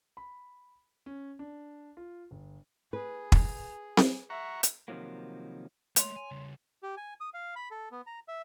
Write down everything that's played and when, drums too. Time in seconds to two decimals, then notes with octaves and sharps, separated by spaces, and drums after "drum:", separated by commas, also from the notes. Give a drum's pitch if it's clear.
0.17 B5
1.06 C#4
1.39 D4
1.97 F4
2.31 G1
2.93 G#4 B4
3.32 drum: kick
3.97 drum: snare C4
4.30 E5 F#5 A#5 C#6
4.63 drum: hi-hat
4.88 C3 D#3 F3 F#3 A#3
5.96 G#3 A3 C#5 C6 F7, drum: hi-hat
6.16 G#5
6.31 C#3 G3
6.83 G4
6.97 G#5
7.20 D#6
7.34 F5
7.56 B5
7.71 A4
7.92 B3
8.07 A#5
8.28 E5